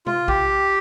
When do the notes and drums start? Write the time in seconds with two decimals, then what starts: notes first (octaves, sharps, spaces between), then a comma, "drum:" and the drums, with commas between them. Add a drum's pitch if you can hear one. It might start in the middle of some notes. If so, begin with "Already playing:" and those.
0.06 F4, drum: tom C3
0.28 G4, drum: kick A#1